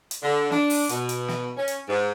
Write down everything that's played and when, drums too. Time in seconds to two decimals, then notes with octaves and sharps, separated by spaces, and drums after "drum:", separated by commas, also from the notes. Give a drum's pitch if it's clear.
0.11 drum: hi-hat
0.22 D3
0.51 D4, drum: snare
0.70 drum: open hi-hat
0.89 B2, drum: hi-hat
1.09 drum: hi-hat
1.28 drum: snare
1.56 C#4
1.68 drum: hi-hat
1.88 G#2